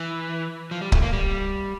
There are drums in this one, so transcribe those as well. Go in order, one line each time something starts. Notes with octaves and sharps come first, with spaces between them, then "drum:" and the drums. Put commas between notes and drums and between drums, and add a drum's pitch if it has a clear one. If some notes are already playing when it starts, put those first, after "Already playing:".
Already playing: E3
F3
G3
A3, drum: kick C#1
A#3
G3